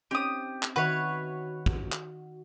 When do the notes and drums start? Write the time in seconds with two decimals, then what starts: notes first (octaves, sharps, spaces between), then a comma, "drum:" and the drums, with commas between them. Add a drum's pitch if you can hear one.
0.11 C4 C#4 D#4 G4 D#6
0.63 drum: clap
0.76 D#3 F#4 B4 C#5 E5
1.66 drum: kick
1.92 drum: clap